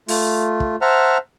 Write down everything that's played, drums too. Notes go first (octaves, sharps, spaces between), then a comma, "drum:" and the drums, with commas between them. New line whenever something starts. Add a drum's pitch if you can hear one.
A3 F4, drum: open hi-hat
drum: kick
C5 E5 F#5 A5 A#5 F6